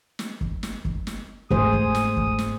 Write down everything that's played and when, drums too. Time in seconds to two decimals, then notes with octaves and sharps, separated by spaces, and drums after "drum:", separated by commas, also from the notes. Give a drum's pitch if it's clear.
0.19 drum: snare
0.41 drum: kick
0.63 drum: snare
0.85 drum: kick
1.07 drum: snare
1.51 G#2 A3 G#4 C5 D#6, drum: kick
1.73 drum: kick
1.95 drum: snare
2.17 drum: kick
2.38 drum: snare